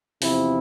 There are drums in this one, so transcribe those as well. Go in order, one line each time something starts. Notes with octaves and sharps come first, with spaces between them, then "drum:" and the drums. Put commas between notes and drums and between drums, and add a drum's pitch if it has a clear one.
E2 C3 F3 C4 E4, drum: open hi-hat